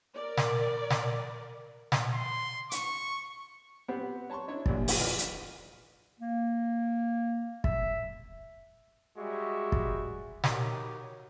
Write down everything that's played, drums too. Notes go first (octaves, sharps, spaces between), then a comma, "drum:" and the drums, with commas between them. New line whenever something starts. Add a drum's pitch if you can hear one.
A#4 D5
drum: snare
drum: snare
drum: snare
C6
C#6, drum: hi-hat
B3 C4 G4 C5 F#5
C#5 A5 A#5 C6 C#6
D4 E4 C#5 D#5 E5
A#1 F#2 A#2 G3 F4 D5, drum: kick
drum: open hi-hat
D2 E3 D5 D#5 G#5 F6
drum: hi-hat
A#3
E5, drum: kick
G3 G#3 F#4 E5 C#6
drum: kick
D#4 F#4 G4 A#4 C#5, drum: snare